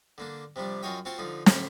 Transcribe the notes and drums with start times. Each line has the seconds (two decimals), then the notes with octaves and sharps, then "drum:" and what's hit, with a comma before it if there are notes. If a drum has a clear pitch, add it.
0.18 D3 A#3 D4
0.56 C3 F3 G3 D4
0.83 F#2 F4 F#4 C#5 D#5 G5
1.05 C4 F4 F#4 F#5 A5 C6
1.18 D3 F3 D#4 F4
1.46 F2 A2 D3 C5 E5 B5, drum: snare